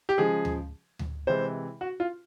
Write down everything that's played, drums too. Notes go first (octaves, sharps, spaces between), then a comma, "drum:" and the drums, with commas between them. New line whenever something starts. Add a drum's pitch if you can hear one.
G4
C#3 F3 G#3 G#4
drum: tom D2
drum: tom D2
C3 E3 G#3 C5
F#4
F4